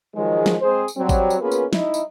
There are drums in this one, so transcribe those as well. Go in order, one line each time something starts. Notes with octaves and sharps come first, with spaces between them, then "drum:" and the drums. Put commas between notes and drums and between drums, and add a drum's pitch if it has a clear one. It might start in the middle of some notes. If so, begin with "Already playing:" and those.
D#3 F3 F#3 G#3
drum: snare
G#3 C4 G#4 C5
drum: tambourine
F#3 G3 C4
drum: kick G#1, tambourine
drum: tambourine
A#3 B3 C#4 F4 G#4 B4
drum: tambourine
D#4 E4, drum: snare
drum: tambourine